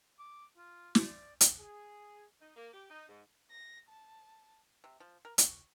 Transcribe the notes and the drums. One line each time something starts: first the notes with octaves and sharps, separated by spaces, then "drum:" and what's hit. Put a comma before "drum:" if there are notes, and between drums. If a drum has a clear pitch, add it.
D6
F4
drum: snare
D5
drum: hi-hat
G#4
D#4
A#3
G4
D#4
G#2
A#6
A5
C3
F3
A#4
C#6, drum: hi-hat